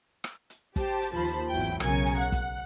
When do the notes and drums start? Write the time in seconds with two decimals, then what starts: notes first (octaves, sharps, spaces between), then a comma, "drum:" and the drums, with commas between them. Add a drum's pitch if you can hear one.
0.24 drum: rim click
0.50 drum: hi-hat
0.76 G4 C5 A5, drum: kick, hi-hat
1.02 drum: hi-hat
1.13 D#2 F3 C5 A5 B5
1.28 drum: hi-hat
1.50 G#1 E2 F#3 E4 G5
1.80 B1 C#3 A#4 G#5 G#6 C#7, drum: rim click
2.06 drum: hi-hat
2.18 F#5
2.32 drum: kick, hi-hat